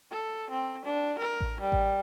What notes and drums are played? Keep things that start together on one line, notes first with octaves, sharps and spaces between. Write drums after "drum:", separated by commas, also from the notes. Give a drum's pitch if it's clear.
A4
C4
D4
A#4
drum: kick A1
G3
drum: kick A1